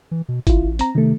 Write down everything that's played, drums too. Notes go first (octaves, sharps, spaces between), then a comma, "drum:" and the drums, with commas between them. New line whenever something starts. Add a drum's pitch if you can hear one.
E3
B2
A1 E4 F4, drum: kick, hi-hat
C4 A#5, drum: hi-hat
C3 D#3 A3